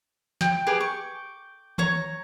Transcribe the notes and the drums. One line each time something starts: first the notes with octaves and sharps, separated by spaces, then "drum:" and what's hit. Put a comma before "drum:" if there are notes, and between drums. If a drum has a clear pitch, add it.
G5, drum: snare
G4 G#4 B4 D6
C#6
C#5 A#5 C#6, drum: tom D#3